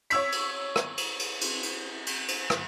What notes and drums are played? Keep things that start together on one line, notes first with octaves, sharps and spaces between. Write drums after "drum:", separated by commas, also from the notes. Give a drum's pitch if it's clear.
C#5 E6 B6, drum: cymbal
drum: cymbal
drum: rim click
drum: cymbal
drum: cymbal
drum: cymbal
drum: cymbal
drum: cymbal
drum: cymbal
drum: rim click